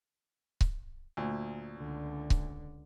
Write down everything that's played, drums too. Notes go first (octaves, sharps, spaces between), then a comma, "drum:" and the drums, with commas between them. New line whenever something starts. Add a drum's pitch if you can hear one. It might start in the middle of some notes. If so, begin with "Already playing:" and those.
drum: kick C#1
D2 A#2
C#2 D3
drum: kick C#1